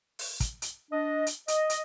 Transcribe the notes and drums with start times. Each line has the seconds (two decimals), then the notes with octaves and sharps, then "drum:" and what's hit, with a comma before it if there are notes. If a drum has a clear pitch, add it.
0.19 drum: open hi-hat
0.40 drum: kick, hi-hat
0.62 drum: hi-hat
0.91 D4 D#5
1.27 drum: hi-hat
1.48 D#5, drum: hi-hat
1.70 drum: hi-hat